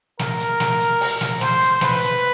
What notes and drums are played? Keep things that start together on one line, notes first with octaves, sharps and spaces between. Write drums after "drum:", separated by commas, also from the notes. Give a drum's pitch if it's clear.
A#4, drum: snare
drum: hi-hat
drum: snare
drum: hi-hat
drum: open hi-hat
drum: snare
C5, drum: snare
drum: hi-hat
B4, drum: snare
drum: hi-hat